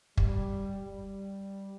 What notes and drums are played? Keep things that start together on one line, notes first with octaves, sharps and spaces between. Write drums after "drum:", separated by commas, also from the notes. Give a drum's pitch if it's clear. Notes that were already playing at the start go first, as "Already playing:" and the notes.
G3, drum: kick
G3